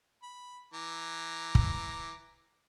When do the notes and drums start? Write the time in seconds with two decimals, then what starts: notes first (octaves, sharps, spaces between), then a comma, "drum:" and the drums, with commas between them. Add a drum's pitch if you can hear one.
0.23 B5
0.73 E3 A#5 D6
1.55 drum: kick